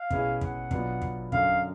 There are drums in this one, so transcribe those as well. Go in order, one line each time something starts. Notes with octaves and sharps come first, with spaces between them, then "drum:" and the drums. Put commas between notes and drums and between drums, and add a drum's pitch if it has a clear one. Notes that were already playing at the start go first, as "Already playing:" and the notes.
Already playing: F5
B2 G#3 C#4 E4 G#4, drum: kick
F#5, drum: kick
B2 F#3 B3 D4 F4, drum: kick
drum: kick
F#2 D3 F#3 F5, drum: kick